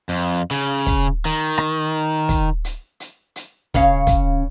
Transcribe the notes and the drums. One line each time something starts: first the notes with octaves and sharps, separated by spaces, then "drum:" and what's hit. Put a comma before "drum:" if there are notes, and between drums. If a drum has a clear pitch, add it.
F2
C#3, drum: hi-hat
drum: kick, hi-hat
D#3
drum: rim click
drum: kick, hi-hat
drum: hi-hat
drum: hi-hat
drum: hi-hat
C#3 C#4 F5, drum: kick, hi-hat
drum: kick, hi-hat